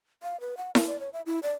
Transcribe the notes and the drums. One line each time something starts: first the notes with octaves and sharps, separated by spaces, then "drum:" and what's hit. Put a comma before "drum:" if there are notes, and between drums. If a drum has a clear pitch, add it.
F5
B4
F#5
A#4, drum: snare E4
D5
C#5
E5
E4
D5